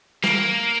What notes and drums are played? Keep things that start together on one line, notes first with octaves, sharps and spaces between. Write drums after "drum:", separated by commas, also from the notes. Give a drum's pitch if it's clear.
A#3, drum: snare